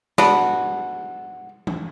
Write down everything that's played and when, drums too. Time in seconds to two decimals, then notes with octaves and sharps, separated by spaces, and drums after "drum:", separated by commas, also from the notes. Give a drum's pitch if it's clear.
0.18 B3 D4 F#4, drum: snare
1.67 drum: tom E3